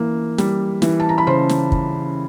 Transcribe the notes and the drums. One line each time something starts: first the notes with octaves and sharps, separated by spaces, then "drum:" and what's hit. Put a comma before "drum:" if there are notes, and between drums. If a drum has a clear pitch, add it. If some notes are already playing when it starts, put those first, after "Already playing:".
Already playing: E3 A#3
G3, drum: snare
E3, drum: snare
A5
A#5
B5
C#3 C5 C6
drum: snare
drum: kick